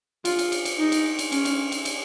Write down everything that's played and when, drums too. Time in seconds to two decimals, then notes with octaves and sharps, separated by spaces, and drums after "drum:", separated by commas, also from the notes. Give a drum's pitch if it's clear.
0.25 F4, drum: cymbal
0.39 drum: cymbal
0.52 drum: cymbal
0.65 drum: cymbal
0.79 D#4
0.92 drum: cymbal
1.19 drum: cymbal
1.32 C#4, drum: cymbal
1.45 drum: cymbal
1.72 drum: cymbal
1.85 drum: cymbal